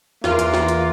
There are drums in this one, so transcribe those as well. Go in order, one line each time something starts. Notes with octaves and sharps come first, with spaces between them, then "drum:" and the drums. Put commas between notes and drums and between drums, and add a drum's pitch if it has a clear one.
E2 A#3 F4, drum: snare
drum: hi-hat
drum: snare
drum: hi-hat